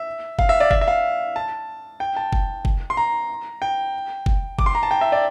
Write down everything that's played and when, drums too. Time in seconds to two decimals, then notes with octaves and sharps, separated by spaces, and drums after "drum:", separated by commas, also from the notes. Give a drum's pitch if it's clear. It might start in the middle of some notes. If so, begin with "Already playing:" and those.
Already playing: E5
0.39 F5, drum: kick F#1
0.49 E5
0.60 D5
0.71 E5, drum: kick F#1
0.81 E5
0.88 F5
1.36 A5
2.00 G5
2.17 A5
2.33 drum: kick F#1
2.65 drum: kick F#1
2.90 C6
2.97 A#5
3.62 G5
4.26 drum: kick F#1
4.59 D6, drum: kick F#1
4.66 C6
4.75 A#5
4.83 A5
4.91 G5
5.01 E5
5.12 D5